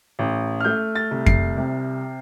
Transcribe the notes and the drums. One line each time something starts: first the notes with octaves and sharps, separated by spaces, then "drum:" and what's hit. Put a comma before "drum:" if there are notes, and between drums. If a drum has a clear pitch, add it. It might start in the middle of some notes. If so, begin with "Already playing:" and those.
A1
F6
A3 G6
A6
C2
C7, drum: kick F2
C3